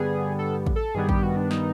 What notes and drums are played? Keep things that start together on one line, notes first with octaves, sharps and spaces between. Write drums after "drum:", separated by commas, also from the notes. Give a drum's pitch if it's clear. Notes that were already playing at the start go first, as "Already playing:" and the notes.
Already playing: G2 D3 G3 B3 G#4
A4
drum: kick A1
A4
G2 D#3 G3 B3 G#4
G4, drum: kick A1
F#4
D4
D#4, drum: snare